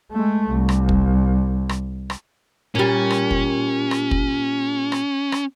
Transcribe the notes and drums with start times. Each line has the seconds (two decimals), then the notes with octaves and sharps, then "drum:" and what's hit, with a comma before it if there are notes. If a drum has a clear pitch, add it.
0.12 G#3 A3
0.48 C2
0.69 drum: rim click
0.89 drum: kick
1.69 drum: rim click
2.10 drum: rim click
2.75 A#2 G3 C#4
3.10 drum: rim click
3.31 drum: kick
3.91 drum: rim click
4.11 drum: kick
4.92 drum: rim click
5.32 drum: rim click